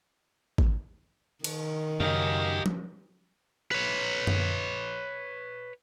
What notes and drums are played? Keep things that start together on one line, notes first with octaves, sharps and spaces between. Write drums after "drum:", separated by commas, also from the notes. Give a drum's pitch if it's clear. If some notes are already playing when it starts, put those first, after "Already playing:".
drum: kick G#1
D#3, drum: cymbal
F#2 C#3 D#4 G4 F5
drum: tom F3
B4 C#5
drum: tom F#2